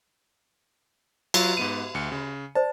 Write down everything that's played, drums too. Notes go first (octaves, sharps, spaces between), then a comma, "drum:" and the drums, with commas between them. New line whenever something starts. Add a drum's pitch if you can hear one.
F#3 F4, drum: cymbal
G#2 B3 D#7
D2 C#7
C#3
C5 D5 A5